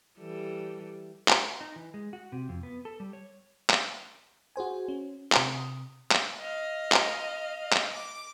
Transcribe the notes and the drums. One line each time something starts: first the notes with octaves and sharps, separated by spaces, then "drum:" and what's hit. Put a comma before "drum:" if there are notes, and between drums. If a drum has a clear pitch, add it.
E3 G3 A4
drum: clap
D#4
E3
G#3
F#4
C3
F2
B3
A4
G3
C#5
drum: clap
F#4 G#4 C5 G#5
C#4
C3 D#6, drum: clap
drum: clap
D#5 F5
drum: clap
drum: clap
D6